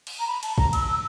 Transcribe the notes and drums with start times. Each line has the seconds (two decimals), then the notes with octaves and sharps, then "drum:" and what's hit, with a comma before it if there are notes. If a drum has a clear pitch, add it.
0.07 drum: cymbal
0.19 A#5
0.27 B5
0.43 A5, drum: cymbal
0.58 A#5, drum: kick
0.73 E6, drum: cymbal
0.87 E6